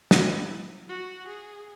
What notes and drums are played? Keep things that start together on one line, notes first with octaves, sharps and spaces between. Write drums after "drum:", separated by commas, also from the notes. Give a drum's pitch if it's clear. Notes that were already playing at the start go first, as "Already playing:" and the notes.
E4, drum: snare
F#4
G#4